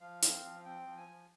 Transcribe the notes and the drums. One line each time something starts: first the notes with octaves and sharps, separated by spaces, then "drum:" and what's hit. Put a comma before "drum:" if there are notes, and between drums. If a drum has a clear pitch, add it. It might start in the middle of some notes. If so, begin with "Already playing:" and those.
F3 F5
C4, drum: hi-hat
F3
C4 G5
F3
G#5
F3